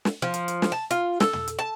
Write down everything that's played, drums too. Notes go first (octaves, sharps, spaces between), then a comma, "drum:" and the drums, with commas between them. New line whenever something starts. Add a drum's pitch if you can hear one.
drum: snare
F3
drum: hi-hat
drum: hi-hat
drum: snare
A5
F4, drum: hi-hat
A4, drum: snare
drum: tom
drum: hi-hat
A5